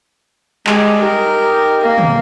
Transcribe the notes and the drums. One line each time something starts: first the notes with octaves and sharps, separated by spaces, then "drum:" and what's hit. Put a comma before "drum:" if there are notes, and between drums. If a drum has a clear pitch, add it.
G3 G#3, drum: clap
D#4 G4 A#4
A#3
drum: tom